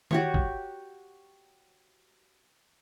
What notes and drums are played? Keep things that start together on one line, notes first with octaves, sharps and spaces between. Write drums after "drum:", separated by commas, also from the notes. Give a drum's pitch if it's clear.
F#4 G4 C#5, drum: tom D#3
drum: kick